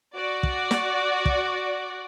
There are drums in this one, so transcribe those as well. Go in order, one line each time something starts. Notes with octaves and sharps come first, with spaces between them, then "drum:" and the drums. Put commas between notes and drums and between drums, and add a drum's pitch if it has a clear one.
F#4 D5
drum: kick
drum: snare
drum: kick